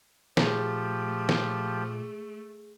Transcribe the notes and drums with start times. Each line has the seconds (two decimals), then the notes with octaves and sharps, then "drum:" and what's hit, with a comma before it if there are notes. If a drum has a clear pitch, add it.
0.37 A#2 F3 A3 G4 G#4, drum: snare
1.29 drum: snare